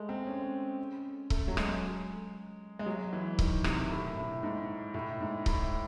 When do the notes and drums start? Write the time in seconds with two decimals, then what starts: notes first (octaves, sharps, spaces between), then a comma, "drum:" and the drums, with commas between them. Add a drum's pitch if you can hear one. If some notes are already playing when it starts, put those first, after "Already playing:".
Already playing: G#3 A3
0.09 C4
0.27 C#4
1.30 A3, drum: kick C#1
1.48 F#3
1.57 G#3, drum: rim click
2.79 G#3
2.86 F#3
3.13 E3
3.39 D#3, drum: kick C#1
3.64 C3, drum: rim click
3.90 A2
4.17 A2
4.43 G#2
4.94 A2
5.20 G#2
5.46 A2, drum: kick C#1